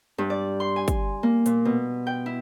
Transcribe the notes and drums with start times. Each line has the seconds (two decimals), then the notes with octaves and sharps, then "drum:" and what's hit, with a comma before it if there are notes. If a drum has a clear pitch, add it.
0.18 G2
0.30 D5
0.60 C6
0.76 G#5
0.88 drum: kick, hi-hat
1.23 A#3
1.46 A#2, drum: hi-hat
1.65 B2
2.07 G5
2.26 E4